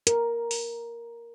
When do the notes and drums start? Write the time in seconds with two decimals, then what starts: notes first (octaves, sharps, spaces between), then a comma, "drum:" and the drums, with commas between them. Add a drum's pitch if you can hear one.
0.07 A#4, drum: hi-hat
0.51 drum: open hi-hat